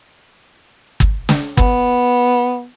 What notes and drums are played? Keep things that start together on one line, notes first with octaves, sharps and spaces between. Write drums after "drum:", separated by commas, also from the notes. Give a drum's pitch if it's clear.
drum: kick
drum: snare
B3, drum: kick